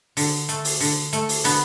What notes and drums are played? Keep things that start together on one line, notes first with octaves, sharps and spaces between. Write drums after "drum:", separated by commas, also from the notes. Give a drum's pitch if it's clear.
D3, drum: open hi-hat
A3, drum: hi-hat
drum: open hi-hat
D3, drum: open hi-hat
A3, drum: hi-hat
drum: open hi-hat
D3 B3, drum: open hi-hat